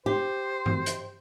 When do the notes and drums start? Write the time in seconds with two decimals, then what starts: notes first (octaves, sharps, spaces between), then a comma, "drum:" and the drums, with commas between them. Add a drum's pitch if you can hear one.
0.06 G4 C5
0.66 drum: tom G2
0.86 drum: hi-hat